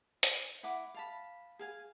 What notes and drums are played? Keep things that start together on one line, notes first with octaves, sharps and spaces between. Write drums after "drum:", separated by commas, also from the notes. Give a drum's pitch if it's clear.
drum: hi-hat
E4 F#5 D6
F5 A5 B5
G#4 F5 G#5